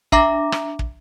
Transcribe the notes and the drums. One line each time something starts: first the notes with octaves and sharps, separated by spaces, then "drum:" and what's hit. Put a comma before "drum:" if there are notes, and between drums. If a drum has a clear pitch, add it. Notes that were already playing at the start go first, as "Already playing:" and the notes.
D4 E5 A#5 D6 A#6, drum: kick
drum: rim click
drum: kick